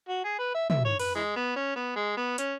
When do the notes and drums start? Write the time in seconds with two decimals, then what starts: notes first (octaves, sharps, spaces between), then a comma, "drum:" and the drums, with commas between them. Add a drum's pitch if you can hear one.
0.09 F#4
0.24 G#4
0.39 B4
0.54 E5
0.70 E5, drum: tom
0.85 C#5
0.99 B4, drum: open hi-hat
1.15 E3 G#3
1.36 B3
1.56 C#4
1.76 B3
1.96 G#3
2.17 B3
2.38 C#4, drum: hi-hat